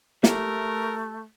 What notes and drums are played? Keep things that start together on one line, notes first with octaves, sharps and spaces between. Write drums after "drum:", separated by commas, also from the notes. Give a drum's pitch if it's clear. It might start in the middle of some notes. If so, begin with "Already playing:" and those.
A3 G4 A#4 E5, drum: snare